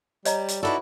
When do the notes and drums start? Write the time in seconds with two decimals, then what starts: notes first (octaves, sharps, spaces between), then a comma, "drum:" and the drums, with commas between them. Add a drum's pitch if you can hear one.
0.25 G3 C#5 D#5 A#5, drum: hi-hat
0.48 drum: hi-hat
0.63 D#4 E4 F#4 A4 B4 D5